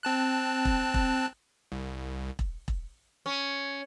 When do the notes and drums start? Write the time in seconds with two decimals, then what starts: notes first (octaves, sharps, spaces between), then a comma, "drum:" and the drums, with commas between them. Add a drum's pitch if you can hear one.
0.03 C4 A5 F#6
0.65 drum: kick E1
0.94 drum: kick E1
1.72 C2
2.39 drum: kick E1
2.68 drum: kick E1
3.26 C#4